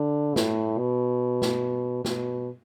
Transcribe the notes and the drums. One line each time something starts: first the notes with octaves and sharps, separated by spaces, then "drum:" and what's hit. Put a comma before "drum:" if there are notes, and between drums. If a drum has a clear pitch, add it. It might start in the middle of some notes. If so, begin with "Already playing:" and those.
Already playing: D3
A2, drum: snare
B2
drum: snare
B2, drum: snare